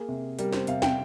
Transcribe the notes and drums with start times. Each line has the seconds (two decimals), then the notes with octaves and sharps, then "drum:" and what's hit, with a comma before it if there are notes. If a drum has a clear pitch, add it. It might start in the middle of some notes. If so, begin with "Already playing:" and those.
Already playing: A#3 G#4
0.08 C3
0.39 G3 A#4, drum: hi-hat
0.53 C5, drum: snare
0.67 C3 F5, drum: hi-hat
0.82 G5, drum: snare